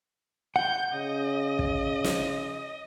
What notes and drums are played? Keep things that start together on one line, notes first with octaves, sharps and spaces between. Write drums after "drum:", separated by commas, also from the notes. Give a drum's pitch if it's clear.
F#5 G6
C#3 D#5
drum: kick
drum: snare